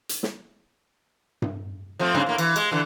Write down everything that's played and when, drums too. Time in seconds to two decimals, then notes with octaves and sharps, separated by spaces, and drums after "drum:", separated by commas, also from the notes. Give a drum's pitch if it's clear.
0.09 drum: hi-hat
0.23 drum: snare
1.42 drum: tom G2
1.99 F3 A3 C4
2.14 G2 C#3 C4
2.26 A2 A#3
2.38 E3, drum: cymbal
2.56 G#3, drum: cymbal
2.71 D3 E3